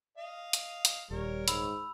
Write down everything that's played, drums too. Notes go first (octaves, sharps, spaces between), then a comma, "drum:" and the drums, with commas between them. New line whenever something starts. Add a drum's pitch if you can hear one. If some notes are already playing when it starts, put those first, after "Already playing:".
D#5 F5
drum: hi-hat
drum: hi-hat
D#1 G3 A#4 C#5
G#2 B5 E6, drum: hi-hat